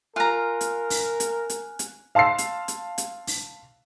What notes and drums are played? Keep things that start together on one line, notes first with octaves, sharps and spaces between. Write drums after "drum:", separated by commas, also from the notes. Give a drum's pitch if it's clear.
F4 A#4 G#5 A#5 F6 F#6
drum: hi-hat
drum: open hi-hat
drum: hi-hat
drum: hi-hat
drum: hi-hat
F5 A5 C6 E6 C7
drum: hi-hat
drum: hi-hat
drum: hi-hat
drum: open hi-hat